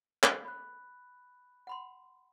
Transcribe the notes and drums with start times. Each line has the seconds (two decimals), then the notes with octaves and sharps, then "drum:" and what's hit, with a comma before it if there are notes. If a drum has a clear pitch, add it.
0.23 drum: clap
0.45 B5 F#6
1.67 F#5 B5 C6